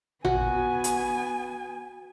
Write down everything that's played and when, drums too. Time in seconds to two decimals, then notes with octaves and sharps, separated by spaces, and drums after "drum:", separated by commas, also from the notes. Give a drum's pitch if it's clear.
0.25 B3 F#4 G#5, drum: tom A1
0.84 drum: hi-hat